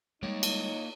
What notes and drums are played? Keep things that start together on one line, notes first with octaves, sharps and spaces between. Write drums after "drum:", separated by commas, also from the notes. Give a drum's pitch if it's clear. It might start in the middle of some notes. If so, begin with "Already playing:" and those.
G3 G#3 A#3 D#4 C#5 G5
drum: cymbal